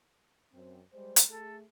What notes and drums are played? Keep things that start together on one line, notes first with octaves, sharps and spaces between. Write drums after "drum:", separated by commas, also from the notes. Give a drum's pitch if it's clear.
F#2 C4
G3 G#3 C5
drum: hi-hat
A3 G#4 A4